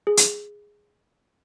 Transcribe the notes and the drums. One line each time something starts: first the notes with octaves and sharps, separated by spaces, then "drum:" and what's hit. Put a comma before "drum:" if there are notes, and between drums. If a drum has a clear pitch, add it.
G#4
drum: hi-hat